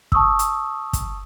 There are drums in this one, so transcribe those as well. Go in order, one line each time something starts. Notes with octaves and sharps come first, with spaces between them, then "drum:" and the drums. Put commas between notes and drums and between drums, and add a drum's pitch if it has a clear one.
A5 C#6 D#6 E6, drum: kick
drum: hi-hat
drum: kick, hi-hat